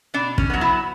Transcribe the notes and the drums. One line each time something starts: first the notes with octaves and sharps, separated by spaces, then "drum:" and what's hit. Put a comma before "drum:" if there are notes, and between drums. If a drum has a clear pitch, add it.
B2 D4
C#4, drum: kick
F#3 B3
E4